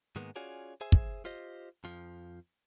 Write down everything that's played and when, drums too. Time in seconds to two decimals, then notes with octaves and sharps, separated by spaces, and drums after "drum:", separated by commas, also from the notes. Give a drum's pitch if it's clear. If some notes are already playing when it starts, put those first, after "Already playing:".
0.16 G#2 D#3 G#3 A#3 B3
0.36 C#4 F4 F#4 G#4 C#5 D5
0.81 G#4 C5 E5 G#5
0.92 drum: kick
1.25 F4 G4 C5 D#5
1.84 F2 F3